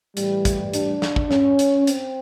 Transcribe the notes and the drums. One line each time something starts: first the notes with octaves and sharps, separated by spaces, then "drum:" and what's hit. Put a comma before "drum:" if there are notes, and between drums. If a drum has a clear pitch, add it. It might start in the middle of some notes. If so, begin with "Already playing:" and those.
A2 E3 G3, drum: hi-hat
drum: kick, hi-hat
D4, drum: hi-hat
drum: snare
drum: kick
C#4, drum: snare
drum: hi-hat
C4, drum: hi-hat